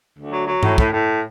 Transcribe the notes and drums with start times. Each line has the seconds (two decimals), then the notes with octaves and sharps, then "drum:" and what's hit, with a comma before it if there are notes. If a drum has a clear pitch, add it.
0.18 D2
0.33 F#3
0.47 F#3
0.63 A2, drum: tom G2
0.78 A2, drum: kick
0.93 A2